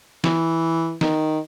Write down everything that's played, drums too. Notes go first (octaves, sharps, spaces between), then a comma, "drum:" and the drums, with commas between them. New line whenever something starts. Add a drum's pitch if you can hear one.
E3, drum: snare
D#3, drum: snare